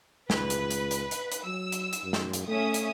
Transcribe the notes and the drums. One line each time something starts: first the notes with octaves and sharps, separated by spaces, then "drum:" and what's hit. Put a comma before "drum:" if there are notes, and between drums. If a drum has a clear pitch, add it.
C#2 B4, drum: snare
drum: hi-hat
drum: hi-hat
drum: hi-hat
drum: hi-hat
drum: hi-hat
F#3 E6
drum: hi-hat
drum: hi-hat
F#2
drum: snare
drum: hi-hat
A3 C#4 E5 D#6
drum: hi-hat